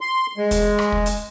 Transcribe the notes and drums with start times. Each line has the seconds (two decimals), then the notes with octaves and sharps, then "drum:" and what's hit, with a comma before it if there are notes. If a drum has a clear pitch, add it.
0.01 C6
0.37 G#3
0.51 drum: kick, hi-hat
0.79 drum: rim click
0.92 drum: kick
1.06 drum: hi-hat